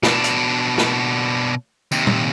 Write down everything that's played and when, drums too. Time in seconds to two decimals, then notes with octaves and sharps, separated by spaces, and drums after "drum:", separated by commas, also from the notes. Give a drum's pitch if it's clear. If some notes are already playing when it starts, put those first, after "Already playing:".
0.03 B2 D4, drum: snare
0.24 drum: hi-hat
0.78 drum: snare
1.92 D#2 C3, drum: tambourine
2.07 drum: tom